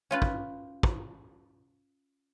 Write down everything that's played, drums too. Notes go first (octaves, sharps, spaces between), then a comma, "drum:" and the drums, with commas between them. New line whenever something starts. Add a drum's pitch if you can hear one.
C#4 F4 B4
drum: kick
drum: kick